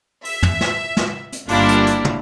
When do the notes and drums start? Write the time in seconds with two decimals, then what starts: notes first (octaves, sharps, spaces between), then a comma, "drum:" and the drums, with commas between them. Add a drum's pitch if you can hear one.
0.25 E5, drum: open hi-hat
0.43 drum: tom
0.61 drum: snare
0.97 drum: snare
1.33 drum: hi-hat
1.48 G1 G3 A#3 D4 E4 F4, drum: open hi-hat
1.69 drum: hi-hat
1.87 drum: hi-hat
2.05 drum: tom